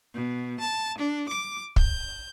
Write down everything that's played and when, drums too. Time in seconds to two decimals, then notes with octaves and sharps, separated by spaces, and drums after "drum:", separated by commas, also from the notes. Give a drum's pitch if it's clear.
0.14 B2
0.60 A5
0.97 D4
1.27 D6
1.76 G6, drum: kick